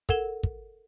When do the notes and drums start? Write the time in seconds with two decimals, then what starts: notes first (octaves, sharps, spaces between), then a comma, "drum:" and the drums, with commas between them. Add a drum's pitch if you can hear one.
0.09 A4 A#4 F#5 G#6 E7 G7, drum: kick
0.43 drum: kick